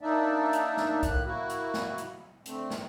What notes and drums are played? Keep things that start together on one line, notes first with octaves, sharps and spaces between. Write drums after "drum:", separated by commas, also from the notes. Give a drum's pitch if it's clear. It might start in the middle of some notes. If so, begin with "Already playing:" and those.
A#3 D4 D#4 D5 E5
drum: hi-hat
drum: snare
A2 A#3 F#6, drum: kick B1, hi-hat
A#3 E4 F#4
drum: hi-hat
drum: snare
drum: hi-hat
D3 A3 C4, drum: hi-hat
drum: snare